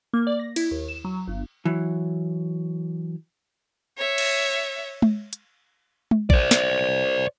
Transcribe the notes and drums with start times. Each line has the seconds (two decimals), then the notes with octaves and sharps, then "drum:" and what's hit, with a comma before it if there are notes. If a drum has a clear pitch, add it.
0.14 A#3
0.27 D5
0.39 A#6
0.56 E4, drum: cymbal
0.71 D#2
0.88 E7
1.05 F#3
1.28 G1
1.65 E3 F#3
3.98 C#5 E5
4.18 drum: cymbal
5.02 drum: tom G#3
5.33 drum: hi-hat
6.11 drum: tom G#3
6.30 C5 D5, drum: kick A1
6.51 drum: snare